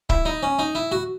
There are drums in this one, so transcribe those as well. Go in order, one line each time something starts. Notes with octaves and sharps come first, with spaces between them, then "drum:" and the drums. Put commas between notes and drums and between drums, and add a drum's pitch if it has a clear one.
E4, drum: kick C#1
D#4
C#4
D#4
E4
F#4